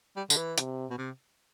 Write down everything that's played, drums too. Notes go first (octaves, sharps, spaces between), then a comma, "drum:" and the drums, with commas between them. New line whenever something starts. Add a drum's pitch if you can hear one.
G3
D3, drum: tambourine
E3
C3, drum: hi-hat
B2
C3